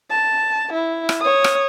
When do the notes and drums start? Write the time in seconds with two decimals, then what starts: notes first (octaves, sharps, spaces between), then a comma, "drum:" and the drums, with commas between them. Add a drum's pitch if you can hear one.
0.10 A5
0.73 E4
1.09 drum: rim click
1.21 C#5 D#6
1.44 drum: rim click